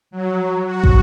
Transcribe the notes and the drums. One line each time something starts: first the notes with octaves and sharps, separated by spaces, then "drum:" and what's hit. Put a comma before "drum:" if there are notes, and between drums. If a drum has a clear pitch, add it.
F#3
F#4
drum: kick